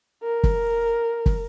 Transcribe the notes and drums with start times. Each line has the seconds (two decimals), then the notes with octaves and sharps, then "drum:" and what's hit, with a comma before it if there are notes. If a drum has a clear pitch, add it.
0.23 A#4
0.44 drum: kick
1.26 drum: kick